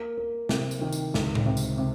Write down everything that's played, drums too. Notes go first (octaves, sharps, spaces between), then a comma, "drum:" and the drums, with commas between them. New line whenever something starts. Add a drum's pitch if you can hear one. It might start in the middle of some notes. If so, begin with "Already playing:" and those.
Already playing: A#3
A#3
C3, drum: snare
drum: tambourine
D#3
drum: tambourine
C#2, drum: snare
drum: tom A2
C3
drum: tambourine
C3